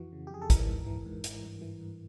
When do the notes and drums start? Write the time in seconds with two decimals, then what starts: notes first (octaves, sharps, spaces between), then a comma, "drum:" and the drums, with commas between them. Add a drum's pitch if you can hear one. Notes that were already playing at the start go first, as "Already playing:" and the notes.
Already playing: F2 E3 F#4
0.13 C#3
0.27 G4
0.30 F2 G#4
0.42 A4
0.50 E3 A#4, drum: kick, hi-hat
0.69 G#2
0.86 E3
1.06 G#2
1.24 E3, drum: hi-hat
1.44 G2
1.61 E3
1.81 G2